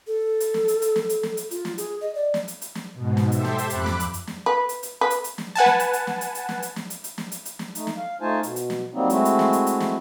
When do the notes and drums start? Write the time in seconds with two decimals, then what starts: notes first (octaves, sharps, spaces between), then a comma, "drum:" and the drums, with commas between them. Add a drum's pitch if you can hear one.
0.07 A4
0.40 drum: hi-hat
0.54 drum: snare
0.68 drum: hi-hat
0.82 drum: hi-hat
0.96 drum: snare
1.09 drum: hi-hat
1.23 drum: snare
1.37 drum: hi-hat
1.51 F4, drum: hi-hat
1.65 drum: snare
1.78 G#4, drum: hi-hat
2.01 D#5
2.15 D5
2.34 drum: snare
2.48 drum: hi-hat
2.62 drum: hi-hat
2.75 drum: snare
2.94 G#2 B2
3.17 drum: snare
3.32 G4 A4 C5 E5, drum: hi-hat
3.45 drum: snare
3.58 drum: hi-hat
3.70 F2 B5 D6 F#6, drum: hi-hat
3.86 drum: snare
4.00 drum: hi-hat
4.14 drum: hi-hat
4.27 drum: snare
4.46 B4
4.69 drum: hi-hat
4.83 drum: hi-hat
5.01 B4
5.10 drum: hi-hat
5.24 drum: hi-hat
5.38 drum: snare
5.55 B4 F#5 G#5 A5
5.66 drum: snare
5.80 drum: hi-hat
5.93 drum: hi-hat
6.07 drum: snare
6.21 drum: hi-hat
6.35 drum: hi-hat
6.49 drum: snare
6.62 drum: hi-hat
6.76 drum: snare
6.90 drum: hi-hat
7.04 drum: hi-hat
7.18 drum: snare
7.32 drum: hi-hat
7.45 drum: hi-hat
7.59 drum: snare
7.75 A3 D#4, drum: hi-hat
7.87 drum: snare
7.97 F5
8.21 A3 D#4 F4 C5 G#5 A5
8.43 B2, drum: hi-hat
8.56 drum: hi-hat
8.70 drum: snare
8.94 F#3 G3 A#3 C4 D#4
9.10 G#3 A3 C4 E4 F#4, drum: hi-hat
9.25 drum: hi-hat
9.39 drum: snare
9.53 drum: hi-hat
9.67 drum: hi-hat
9.80 drum: snare